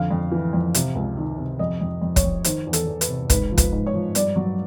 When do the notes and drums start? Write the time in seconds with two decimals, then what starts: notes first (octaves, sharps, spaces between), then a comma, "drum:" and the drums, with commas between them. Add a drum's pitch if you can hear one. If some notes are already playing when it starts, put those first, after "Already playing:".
Already playing: F2 D3 F5
0.11 F2
0.32 E3
0.53 F2
0.74 C3, drum: hi-hat
0.95 C#2
1.17 D#3
1.38 C3
1.59 F2 D#5
1.81 F2
2.02 F2
2.16 C#5, drum: kick, hi-hat
2.23 F2
2.44 D#3 C5, drum: hi-hat
2.66 E2
2.73 A4, drum: hi-hat
2.87 E2
3.01 B4, drum: hi-hat
3.08 C3
3.30 G#2 B4, drum: kick, hi-hat
3.51 F3
3.58 B4, drum: kick, hi-hat
3.72 G#2
3.87 C#5
3.94 F3
4.15 G2 D5, drum: hi-hat
4.36 F#3